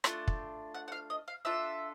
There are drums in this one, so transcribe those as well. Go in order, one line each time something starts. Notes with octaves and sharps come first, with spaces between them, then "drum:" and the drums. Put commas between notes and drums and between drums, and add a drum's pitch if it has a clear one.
A3 D4 F4 F#5, drum: rim click
drum: kick
F#5
F#5
F5
D#5
F5
D4 F4 A4 E5